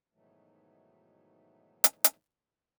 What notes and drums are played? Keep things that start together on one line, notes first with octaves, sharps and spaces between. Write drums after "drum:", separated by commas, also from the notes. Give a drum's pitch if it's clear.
G#2 B2 D#3 E3 F#3 A3
drum: hi-hat
drum: hi-hat